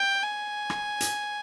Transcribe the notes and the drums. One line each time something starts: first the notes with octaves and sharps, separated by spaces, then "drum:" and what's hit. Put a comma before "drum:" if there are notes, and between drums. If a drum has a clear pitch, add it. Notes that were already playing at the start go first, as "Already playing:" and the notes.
Already playing: G5
G#5
drum: rim click
drum: hi-hat